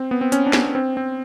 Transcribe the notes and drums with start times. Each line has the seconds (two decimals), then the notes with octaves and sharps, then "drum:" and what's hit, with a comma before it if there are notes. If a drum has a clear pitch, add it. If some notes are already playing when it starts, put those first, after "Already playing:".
Already playing: C4
0.11 B3
0.21 C4
0.32 C#4, drum: hi-hat
0.46 D4
0.53 C#4, drum: snare
0.75 C4
0.97 C4